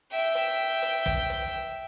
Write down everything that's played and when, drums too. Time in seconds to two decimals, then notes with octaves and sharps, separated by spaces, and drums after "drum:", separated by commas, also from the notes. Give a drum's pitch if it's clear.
0.11 E5 G5
0.35 drum: hi-hat
0.82 drum: hi-hat
1.06 drum: kick, hi-hat
1.29 drum: hi-hat